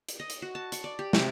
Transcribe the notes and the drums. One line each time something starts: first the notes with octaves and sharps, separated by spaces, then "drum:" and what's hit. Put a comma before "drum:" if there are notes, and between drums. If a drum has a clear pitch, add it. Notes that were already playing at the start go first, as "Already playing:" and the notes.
drum: hi-hat
D#5
drum: hi-hat
F#4
A5
C#6, drum: hi-hat
D5
G4
C3, drum: snare